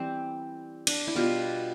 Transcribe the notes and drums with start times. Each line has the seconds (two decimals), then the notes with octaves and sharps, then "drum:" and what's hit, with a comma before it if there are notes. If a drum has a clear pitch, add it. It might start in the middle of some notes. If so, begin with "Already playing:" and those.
Already playing: E3 G3 C4 E4
0.87 D4, drum: cymbal
1.07 E4
1.15 B2 G3 B3 F4